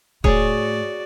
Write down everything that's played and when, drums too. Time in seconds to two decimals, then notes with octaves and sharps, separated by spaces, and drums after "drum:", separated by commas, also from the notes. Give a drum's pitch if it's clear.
0.24 A2 F#4 G#4 C#5 D5, drum: kick D#1